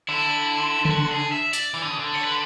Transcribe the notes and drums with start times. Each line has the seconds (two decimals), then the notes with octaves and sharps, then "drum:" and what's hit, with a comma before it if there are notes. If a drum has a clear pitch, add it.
0.09 D3 E4
0.85 E4, drum: tom C#3
0.91 F#4
1.12 G#4
1.32 E5
1.53 D5, drum: tambourine
1.74 E3
1.82 D3
1.90 C#3
1.99 D3
2.15 C#5
2.24 B4